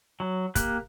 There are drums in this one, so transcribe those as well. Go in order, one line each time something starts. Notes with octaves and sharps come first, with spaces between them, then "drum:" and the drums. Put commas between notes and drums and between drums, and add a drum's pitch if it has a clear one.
F#3
A#3 G4 F#6, drum: kick, hi-hat